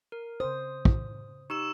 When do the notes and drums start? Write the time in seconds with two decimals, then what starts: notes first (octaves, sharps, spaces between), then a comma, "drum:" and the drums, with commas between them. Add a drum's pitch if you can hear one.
0.12 A#4
0.40 C#3 C5 D#6
0.85 drum: kick
1.50 D#4 G4 C#6 E6 E7